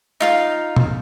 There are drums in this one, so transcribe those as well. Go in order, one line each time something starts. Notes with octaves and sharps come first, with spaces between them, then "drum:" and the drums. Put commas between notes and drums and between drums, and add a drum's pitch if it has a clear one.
D#4 F4 F5
drum: tom B2